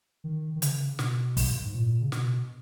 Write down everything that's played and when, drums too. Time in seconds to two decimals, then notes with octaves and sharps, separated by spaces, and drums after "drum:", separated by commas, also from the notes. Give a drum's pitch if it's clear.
0.24 D#3
0.56 D#3
0.62 C#3, drum: hi-hat
0.99 B2, drum: snare
1.37 drum: kick, open hi-hat
1.65 G#2
1.74 A#2
2.01 C#3
2.12 B2, drum: snare